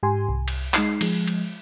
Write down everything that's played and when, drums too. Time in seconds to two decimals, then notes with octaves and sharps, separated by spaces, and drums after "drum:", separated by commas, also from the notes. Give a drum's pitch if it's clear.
0.03 G#2 G4 G#5 C6
0.29 C2
0.48 drum: cymbal
0.74 G#3 D#4 C7, drum: clap
1.01 F3 G#3, drum: cymbal
1.27 drum: cymbal